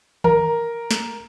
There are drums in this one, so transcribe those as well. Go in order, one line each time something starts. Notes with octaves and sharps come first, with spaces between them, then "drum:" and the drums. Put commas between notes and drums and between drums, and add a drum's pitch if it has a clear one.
A#4, drum: tom D#3
drum: snare